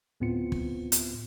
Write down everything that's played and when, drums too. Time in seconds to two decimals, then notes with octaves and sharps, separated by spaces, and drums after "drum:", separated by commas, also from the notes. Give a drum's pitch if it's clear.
0.20 D2 A2 B3 C4 F4 C#7
0.52 drum: kick
0.92 drum: hi-hat